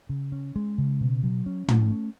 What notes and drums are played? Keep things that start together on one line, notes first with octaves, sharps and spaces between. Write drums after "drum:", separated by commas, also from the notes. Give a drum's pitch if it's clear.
C#3
C#4
G#3
C#3
B2
F#3
C#4
A3, drum: tom
C#4